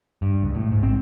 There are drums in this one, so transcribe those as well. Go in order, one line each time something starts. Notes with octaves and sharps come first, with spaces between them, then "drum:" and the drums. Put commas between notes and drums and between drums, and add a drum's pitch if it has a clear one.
G2
C#2
A2
G#2
C4, drum: kick